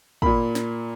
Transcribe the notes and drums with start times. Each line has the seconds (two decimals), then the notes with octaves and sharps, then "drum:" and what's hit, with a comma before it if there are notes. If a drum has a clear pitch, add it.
0.22 A#2 A#3 B5, drum: kick
0.55 drum: snare